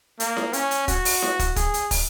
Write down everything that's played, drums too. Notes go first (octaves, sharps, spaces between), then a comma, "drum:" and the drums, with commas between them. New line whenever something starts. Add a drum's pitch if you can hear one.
A#3, drum: hi-hat
drum: snare E4
C#4, drum: hi-hat
drum: hi-hat
F#4, drum: kick, hi-hat
drum: open hi-hat
drum: snare E4
drum: kick, hi-hat
G#4, drum: kick, hi-hat
drum: hi-hat
drum: kick, open hi-hat